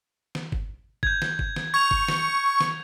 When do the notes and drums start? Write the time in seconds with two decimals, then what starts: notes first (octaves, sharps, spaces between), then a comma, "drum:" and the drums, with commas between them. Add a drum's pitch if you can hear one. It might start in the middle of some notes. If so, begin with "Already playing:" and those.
0.35 drum: snare
0.52 drum: kick G1
1.03 G6 G#6, drum: kick G1
1.22 drum: snare
1.39 drum: kick G1
1.56 drum: snare
1.74 C#6 G#6 F7
1.91 drum: kick G1
2.08 drum: snare
2.60 drum: snare